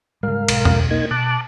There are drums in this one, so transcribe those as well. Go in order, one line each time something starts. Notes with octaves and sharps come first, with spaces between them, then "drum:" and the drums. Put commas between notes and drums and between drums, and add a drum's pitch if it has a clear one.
G#2 C#3 G3 A#4 F5
B1, drum: cymbal
drum: tom E2
A#3 D#4 G#6
B2 A5 D6 F#6